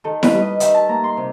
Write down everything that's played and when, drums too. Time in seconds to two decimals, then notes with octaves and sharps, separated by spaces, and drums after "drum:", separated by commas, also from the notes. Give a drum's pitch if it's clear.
0.04 D#3 A4
0.23 B4, drum: snare E4
0.32 G3
0.42 D#5
0.60 D#3 E5, drum: hi-hat
0.74 A5
0.89 A#3 A#5
1.04 C6
1.17 C3